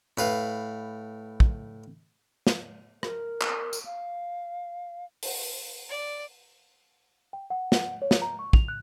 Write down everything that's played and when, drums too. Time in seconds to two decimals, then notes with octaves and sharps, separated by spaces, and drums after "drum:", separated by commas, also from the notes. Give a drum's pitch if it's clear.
0.18 A2 B4 F5
1.40 drum: kick
2.47 drum: snare
3.03 A#4, drum: rim click
3.41 drum: clap
3.73 drum: tambourine
3.86 F5
5.23 drum: open hi-hat
5.89 D5
7.33 G5
7.50 F#5
7.72 F#5, drum: snare
8.02 C#5
8.11 drum: snare
8.22 A#5
8.39 C#6
8.53 F7, drum: kick
8.68 F#6